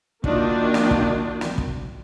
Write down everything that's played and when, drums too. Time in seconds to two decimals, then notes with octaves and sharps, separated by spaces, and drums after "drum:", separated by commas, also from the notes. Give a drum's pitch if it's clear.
0.24 D#3 A#3 D4 D#4 F4 F#4, drum: kick
0.74 drum: snare
0.91 drum: kick
1.41 drum: snare
1.58 drum: kick